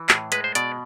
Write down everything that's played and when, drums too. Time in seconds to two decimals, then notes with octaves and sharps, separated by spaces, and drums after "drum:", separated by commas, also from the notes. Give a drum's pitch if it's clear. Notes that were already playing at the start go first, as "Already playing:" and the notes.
Already playing: E3
0.09 A2 G#4, drum: clap
0.32 G#3 B4, drum: hi-hat
0.44 C5
0.55 B2 D5, drum: hi-hat